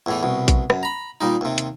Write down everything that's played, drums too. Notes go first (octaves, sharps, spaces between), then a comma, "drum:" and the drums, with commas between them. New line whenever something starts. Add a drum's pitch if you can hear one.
E2 A2 E3
C2 B2
drum: kick A#1, hi-hat
F#2, drum: rim click
A#5 B5
A#2 G3 D#4
D#2 C3
drum: hi-hat